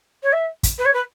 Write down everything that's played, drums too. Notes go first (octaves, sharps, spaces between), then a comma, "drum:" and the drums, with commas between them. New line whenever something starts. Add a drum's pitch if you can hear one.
C#5
E5
drum: kick, hi-hat
B4
C#5
B4